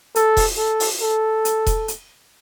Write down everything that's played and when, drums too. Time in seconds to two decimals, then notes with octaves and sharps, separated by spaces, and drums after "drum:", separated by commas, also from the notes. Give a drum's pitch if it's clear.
0.15 A4, drum: hi-hat
0.37 drum: kick E1, open hi-hat
0.58 A4
0.80 drum: open hi-hat
1.01 A4
1.45 drum: hi-hat
1.66 drum: kick E1, hi-hat
1.88 drum: hi-hat